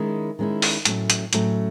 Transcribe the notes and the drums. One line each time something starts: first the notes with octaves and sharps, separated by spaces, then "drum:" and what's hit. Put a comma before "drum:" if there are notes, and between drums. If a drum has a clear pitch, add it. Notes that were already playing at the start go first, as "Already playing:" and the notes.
Already playing: D#3 G#3 C#4 E4
D#3 G#3 C#4 E4
drum: open hi-hat
A2 F#3 A3 C#4, drum: hi-hat
drum: hi-hat
A2 F#3 A3 C#4, drum: hi-hat